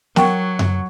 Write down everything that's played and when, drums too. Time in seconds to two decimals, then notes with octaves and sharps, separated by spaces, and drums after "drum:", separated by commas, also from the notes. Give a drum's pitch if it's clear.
0.16 F#3 A#4 F#5 G5 C#6, drum: snare
0.59 drum: tom F#2